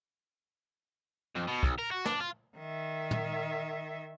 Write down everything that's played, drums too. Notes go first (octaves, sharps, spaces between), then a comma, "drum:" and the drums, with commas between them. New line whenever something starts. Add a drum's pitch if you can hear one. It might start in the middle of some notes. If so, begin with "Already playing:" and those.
F2
B2
B1, drum: kick
A#4
F#4
D4, drum: snare
F4
D#3 E5
drum: tom